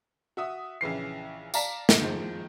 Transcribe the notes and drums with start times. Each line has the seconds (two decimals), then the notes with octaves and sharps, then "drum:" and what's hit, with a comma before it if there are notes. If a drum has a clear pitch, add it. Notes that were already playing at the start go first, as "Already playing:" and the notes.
0.37 F#4 E5 D#6
0.81 A#1 C#3 E3 C7
1.54 D5 F5 A5 A#5 B6, drum: tambourine
1.89 drum: snare
2.01 D#3 F3 G#3